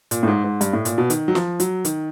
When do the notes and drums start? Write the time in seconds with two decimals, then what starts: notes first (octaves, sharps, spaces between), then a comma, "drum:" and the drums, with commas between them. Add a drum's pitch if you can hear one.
0.11 A#2, drum: hi-hat
0.23 A2
0.28 G#2
0.44 G#2
0.61 G2, drum: hi-hat
0.73 A2
0.85 A#2, drum: hi-hat
0.98 B2
1.10 D#3, drum: hi-hat
1.28 F#3
1.35 F3, drum: snare
1.60 F#3, drum: hi-hat
1.85 D#3, drum: hi-hat